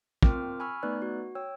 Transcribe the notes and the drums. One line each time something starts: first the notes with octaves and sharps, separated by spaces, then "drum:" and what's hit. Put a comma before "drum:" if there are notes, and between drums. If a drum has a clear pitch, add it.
C4 F4 A#4 G5 D6 F6, drum: kick
G#5 B5 C#6 E6 F6
A3 B3 D#4 B4 D5 F#6
F#4
C#5 G5 E6